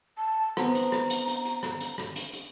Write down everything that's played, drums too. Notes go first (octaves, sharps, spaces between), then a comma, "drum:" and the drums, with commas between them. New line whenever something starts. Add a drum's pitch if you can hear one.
A5
B3 C4 A#5, drum: rim click
drum: hi-hat
drum: rim click
drum: hi-hat
drum: hi-hat
drum: hi-hat
drum: rim click
drum: hi-hat
drum: rim click
drum: hi-hat
drum: hi-hat